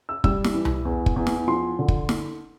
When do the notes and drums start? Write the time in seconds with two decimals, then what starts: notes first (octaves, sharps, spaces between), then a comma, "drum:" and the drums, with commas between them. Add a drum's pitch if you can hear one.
0.09 E6
0.24 G3 E6, drum: kick
0.45 drum: snare
0.54 E3
0.65 drum: tom C2
0.85 E2
1.06 drum: kick
1.16 E2
1.27 drum: snare
1.47 F3 C6
1.79 D3
1.88 drum: kick
2.09 drum: snare